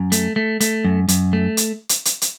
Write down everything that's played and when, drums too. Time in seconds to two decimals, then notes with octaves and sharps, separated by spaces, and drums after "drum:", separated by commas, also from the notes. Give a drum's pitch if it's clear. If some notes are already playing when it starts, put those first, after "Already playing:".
Already playing: F#2
0.12 A3, drum: hi-hat
0.36 A3
0.61 A3, drum: hi-hat
0.85 F#2
1.08 F#2, drum: hi-hat
1.33 A3
1.57 drum: hi-hat
1.89 drum: hi-hat
2.05 drum: hi-hat
2.22 drum: hi-hat